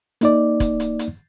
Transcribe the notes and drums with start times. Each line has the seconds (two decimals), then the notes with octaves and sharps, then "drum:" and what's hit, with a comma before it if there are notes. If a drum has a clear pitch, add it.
0.21 A#3 D#4 D5, drum: hi-hat
0.60 drum: kick, hi-hat
0.80 drum: hi-hat
0.99 drum: hi-hat